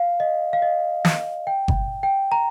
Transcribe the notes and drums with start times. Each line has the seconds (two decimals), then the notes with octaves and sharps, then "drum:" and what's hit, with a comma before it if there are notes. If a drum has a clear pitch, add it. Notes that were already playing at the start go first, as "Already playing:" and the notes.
Already playing: F5
0.20 D#5
0.53 F5
0.62 D#5
1.05 drum: snare
1.47 G5
1.68 drum: kick G1
2.03 G5
2.32 A#5